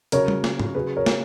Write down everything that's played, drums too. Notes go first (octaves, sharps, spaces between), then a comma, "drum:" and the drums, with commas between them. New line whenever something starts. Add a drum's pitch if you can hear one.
C#3 F#3 A#4 C#5, drum: hi-hat
drum: tom G3
drum: snare
drum: tom G#2
C#3 F#3 G#4 B4
A#4 C#5
drum: snare